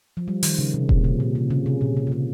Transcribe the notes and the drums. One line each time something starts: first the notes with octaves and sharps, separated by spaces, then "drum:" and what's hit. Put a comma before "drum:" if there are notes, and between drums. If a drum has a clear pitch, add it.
F3
G3
D#3, drum: open hi-hat
C#3
C3
A#2, drum: kick E1
C3
A#2
C3
C#3
C3
A#2
C3
C3
C#3